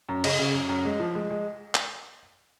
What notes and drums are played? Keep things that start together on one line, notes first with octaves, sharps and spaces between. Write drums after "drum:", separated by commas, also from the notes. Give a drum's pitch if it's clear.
F#2
C#3 D#5, drum: cymbal
C#3
F#2
F#2
G#3
F3
G#3
G#3
drum: clap